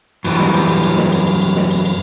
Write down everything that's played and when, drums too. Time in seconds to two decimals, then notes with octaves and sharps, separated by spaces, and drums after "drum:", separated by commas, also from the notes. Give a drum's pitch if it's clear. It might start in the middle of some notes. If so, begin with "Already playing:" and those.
0.24 F#2 E3 G3, drum: cymbal
0.39 drum: snare
0.54 drum: cymbal
0.68 drum: cymbal
0.83 drum: cymbal
0.97 drum: snare
1.12 drum: cymbal
1.27 drum: cymbal
1.41 drum: cymbal
1.56 drum: snare
1.71 drum: cymbal
1.85 drum: cymbal